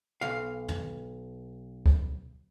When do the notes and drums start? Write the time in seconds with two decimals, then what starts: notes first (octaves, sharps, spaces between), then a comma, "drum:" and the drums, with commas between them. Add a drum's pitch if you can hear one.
0.21 B1 F5
0.68 drum: tom F2
1.86 drum: kick